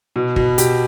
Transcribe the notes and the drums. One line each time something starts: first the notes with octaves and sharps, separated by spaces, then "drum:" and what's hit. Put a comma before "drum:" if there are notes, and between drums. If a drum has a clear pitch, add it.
B2
B2, drum: kick
G4, drum: hi-hat